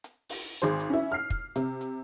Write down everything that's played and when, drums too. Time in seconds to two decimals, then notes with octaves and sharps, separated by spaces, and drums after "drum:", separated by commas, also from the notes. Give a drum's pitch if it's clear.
0.04 drum: hi-hat
0.29 drum: open hi-hat
0.62 G#1 G#4 C5
0.80 drum: hi-hat
0.90 C#4 E4
1.12 F6 C7
1.30 drum: kick
1.56 C3, drum: hi-hat
1.81 drum: hi-hat